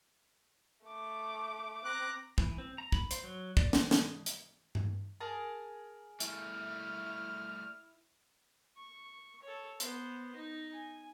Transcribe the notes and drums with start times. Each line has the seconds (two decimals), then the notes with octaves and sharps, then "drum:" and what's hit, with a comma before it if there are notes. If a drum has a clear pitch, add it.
0.85 A3 D6
1.85 C4 A#5 D6 F#6
2.38 E3, drum: kick
2.58 C4
2.78 A#5
2.92 B5, drum: kick
3.11 C5, drum: hi-hat
3.24 F#3
3.57 D5, drum: kick
3.73 C4, drum: snare
3.91 D#6, drum: snare
4.26 drum: hi-hat
4.75 drum: tom G2
5.21 G#4 A#4 A5
6.20 G3 A3 E4 F6, drum: hi-hat
8.77 C#6
9.43 A4 C#5
9.80 B3 C5, drum: hi-hat
10.36 D#4
10.74 G#5